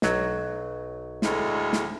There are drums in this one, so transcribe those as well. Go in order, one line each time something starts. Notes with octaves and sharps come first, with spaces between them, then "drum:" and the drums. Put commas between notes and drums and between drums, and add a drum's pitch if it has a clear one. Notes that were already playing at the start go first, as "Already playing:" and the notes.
B1 F#3, drum: snare
D2 A2 G#3, drum: snare
drum: snare